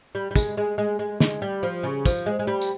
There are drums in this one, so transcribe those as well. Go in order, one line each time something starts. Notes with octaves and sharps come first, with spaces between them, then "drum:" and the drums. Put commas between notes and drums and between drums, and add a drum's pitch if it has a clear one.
G3
G3
G#3, drum: kick, tambourine
G#3
G#3
G#3
G#3, drum: snare
G3
F3
C#3
F3, drum: kick, tambourine
G#3
G#3
G3
drum: tambourine